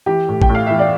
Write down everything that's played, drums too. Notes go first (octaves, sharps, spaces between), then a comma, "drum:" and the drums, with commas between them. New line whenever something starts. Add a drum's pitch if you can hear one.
E3 G4
A2
G5, drum: kick A1
A2
F5
E3 E5
D5